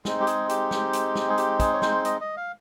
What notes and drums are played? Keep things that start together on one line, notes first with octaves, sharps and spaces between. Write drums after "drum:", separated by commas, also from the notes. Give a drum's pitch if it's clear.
G#3 C4 D#4, drum: snare
G4
G#4, drum: hi-hat
G4, drum: hi-hat
drum: snare
drum: hi-hat
drum: snare
G#4
G4, drum: hi-hat
G#4, drum: kick, hi-hat
C#5
C5, drum: snare
D#5, drum: hi-hat
D#5
F5